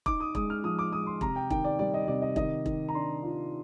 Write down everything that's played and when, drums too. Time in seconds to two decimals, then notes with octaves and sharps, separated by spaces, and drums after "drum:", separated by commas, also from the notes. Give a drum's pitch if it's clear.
0.06 D#4 D6, drum: kick E1
0.20 D#6
0.35 G#3 D#6, drum: kick E1
0.50 F6
0.64 F3 D#6
0.79 D6
0.92 G#3 D#6
1.07 C6
1.21 C3 A#5, drum: kick E1
1.36 G5
1.50 D#3 G5, drum: kick E1
1.64 D5
1.79 G3 D5
1.94 D#5
2.08 C3 D5
2.22 D#5
2.36 D#3 D#5, drum: kick E1
2.66 D#3, drum: kick E1
2.89 A#5
2.95 D4 C6
3.23 F4